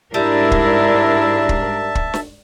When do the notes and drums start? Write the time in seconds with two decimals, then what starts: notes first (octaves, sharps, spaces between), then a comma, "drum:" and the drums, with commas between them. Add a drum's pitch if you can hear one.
0.14 G#2 G3 D4 E4 A#4 E5 A5
0.52 drum: kick
1.49 drum: kick
1.95 drum: kick
2.14 drum: snare